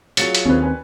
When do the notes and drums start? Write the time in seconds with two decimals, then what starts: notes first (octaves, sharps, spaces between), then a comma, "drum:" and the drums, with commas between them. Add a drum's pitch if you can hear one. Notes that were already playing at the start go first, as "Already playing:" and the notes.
0.17 F#3 F4 F#4 G#4 A6 C#7, drum: hi-hat
0.35 drum: hi-hat
0.45 D#2 C4 C#4 B4
0.62 B4 G#5